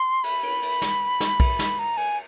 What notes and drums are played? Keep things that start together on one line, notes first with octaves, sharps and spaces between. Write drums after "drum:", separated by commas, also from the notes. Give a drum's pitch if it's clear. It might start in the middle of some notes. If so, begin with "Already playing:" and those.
Already playing: C6
B5, drum: cymbal
drum: cymbal
drum: cymbal
drum: snare
drum: snare
drum: kick B1, cymbal
drum: snare
A#5
G#5, drum: cymbal